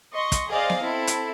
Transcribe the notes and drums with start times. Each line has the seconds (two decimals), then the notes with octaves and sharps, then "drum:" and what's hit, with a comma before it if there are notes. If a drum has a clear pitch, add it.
0.13 D#5 C6 C#6
0.32 drum: kick, hi-hat
0.49 G#4 C5 D5 D#5 F5
0.70 drum: snare B3
0.80 C4 E4 A4
1.07 drum: hi-hat